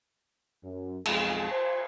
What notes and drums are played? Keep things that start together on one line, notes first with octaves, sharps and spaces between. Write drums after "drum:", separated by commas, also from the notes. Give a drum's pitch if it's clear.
F#2
B1 F2 G#3, drum: cymbal
C5